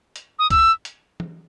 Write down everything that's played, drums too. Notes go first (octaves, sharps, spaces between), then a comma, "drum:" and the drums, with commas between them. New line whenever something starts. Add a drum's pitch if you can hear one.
drum: hi-hat
D#6
E6, drum: kick, hi-hat
drum: hi-hat
drum: tom E3